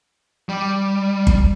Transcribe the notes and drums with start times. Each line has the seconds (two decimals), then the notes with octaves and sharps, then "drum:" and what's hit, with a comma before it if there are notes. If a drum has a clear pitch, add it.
0.49 G3
1.27 drum: kick G1